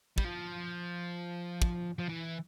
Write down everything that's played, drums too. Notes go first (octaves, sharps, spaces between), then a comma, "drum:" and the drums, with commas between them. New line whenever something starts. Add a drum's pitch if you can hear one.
G3, drum: kick
F3
drum: kick
F3
E3